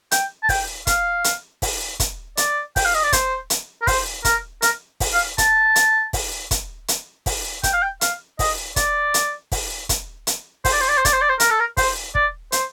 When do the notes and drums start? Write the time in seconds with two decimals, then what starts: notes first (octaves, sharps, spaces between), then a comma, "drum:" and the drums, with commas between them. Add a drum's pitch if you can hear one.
0.11 G5, drum: hi-hat
0.43 A5
0.49 G5, drum: kick, open hi-hat
0.87 F5, drum: kick, hi-hat
1.24 drum: hi-hat
1.62 drum: kick, open hi-hat
2.00 drum: kick, hi-hat
2.37 D5, drum: hi-hat
2.76 G5, drum: kick, open hi-hat
2.85 F5
2.94 D#5
3.03 D5
3.12 C5, drum: kick, hi-hat
3.50 drum: hi-hat
3.82 A#4
3.87 C5, drum: kick, open hi-hat
4.25 A#4, drum: kick, hi-hat
4.62 A#4, drum: hi-hat
5.00 drum: kick, open hi-hat
5.13 F5
5.38 A5, drum: kick, hi-hat
5.76 drum: hi-hat
6.13 drum: kick, open hi-hat
6.51 drum: kick, hi-hat
6.88 drum: hi-hat
7.26 drum: kick, open hi-hat
7.63 G5, drum: kick, hi-hat
7.73 F5
7.82 G5
8.01 F5, drum: hi-hat
8.39 D#5, drum: kick, open hi-hat
8.76 D5, drum: kick, hi-hat
9.14 drum: hi-hat
9.52 drum: kick, open hi-hat
9.89 drum: kick, hi-hat
10.27 drum: hi-hat
10.65 C5, drum: kick, open hi-hat
10.72 D5
10.81 C5
10.88 D5
10.97 C5
11.05 D5, drum: kick, hi-hat
11.13 C5
11.21 D5
11.29 C5
11.40 A#4, drum: hi-hat
11.50 A4
11.60 A#4
11.77 C5, drum: kick, open hi-hat
12.15 D5, drum: kick
12.52 C5, drum: hi-hat